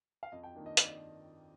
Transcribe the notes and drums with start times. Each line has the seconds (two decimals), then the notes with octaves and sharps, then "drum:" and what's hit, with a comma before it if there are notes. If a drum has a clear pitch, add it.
0.23 F5
0.32 F2 D#5
0.43 G5
0.55 D#3 A#3 D4
0.66 D#5
0.77 D5, drum: hi-hat